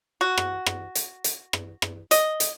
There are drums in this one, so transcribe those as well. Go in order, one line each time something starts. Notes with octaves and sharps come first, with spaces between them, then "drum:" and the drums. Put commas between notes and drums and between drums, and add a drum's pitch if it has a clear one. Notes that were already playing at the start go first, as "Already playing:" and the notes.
F#4
drum: rim click
drum: rim click
drum: hi-hat
drum: hi-hat
drum: rim click
drum: rim click
D#5, drum: hi-hat
drum: hi-hat